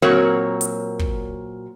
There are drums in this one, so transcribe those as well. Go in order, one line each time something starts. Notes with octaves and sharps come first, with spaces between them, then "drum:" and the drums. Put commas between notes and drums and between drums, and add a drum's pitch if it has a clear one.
A#2 F#3 C4 F#4 A#4 C#5
drum: hi-hat
drum: kick